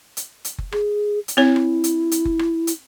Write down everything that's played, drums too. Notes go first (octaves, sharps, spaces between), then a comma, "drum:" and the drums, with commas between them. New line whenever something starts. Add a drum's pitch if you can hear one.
drum: hi-hat
drum: hi-hat
drum: kick F#1
G#4, drum: rim click
drum: hi-hat
C4 E4 C#5
drum: rim click
drum: hi-hat
drum: hi-hat
drum: kick F#1
drum: rim click
drum: hi-hat